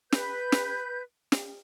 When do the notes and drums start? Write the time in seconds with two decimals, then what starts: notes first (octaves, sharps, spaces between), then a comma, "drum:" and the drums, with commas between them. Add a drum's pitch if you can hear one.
0.12 B4 G6, drum: snare
0.52 drum: snare
1.32 drum: snare